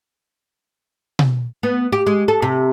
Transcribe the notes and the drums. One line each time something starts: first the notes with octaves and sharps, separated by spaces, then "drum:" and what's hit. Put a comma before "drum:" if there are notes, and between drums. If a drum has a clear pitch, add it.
drum: tom B2
B3
G4
G#3
A4
C3